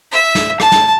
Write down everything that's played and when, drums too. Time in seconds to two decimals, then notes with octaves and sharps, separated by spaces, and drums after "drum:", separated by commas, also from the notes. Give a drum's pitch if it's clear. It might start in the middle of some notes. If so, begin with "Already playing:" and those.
0.12 E5
0.35 drum: snare
0.60 A5, drum: rim click
0.72 drum: snare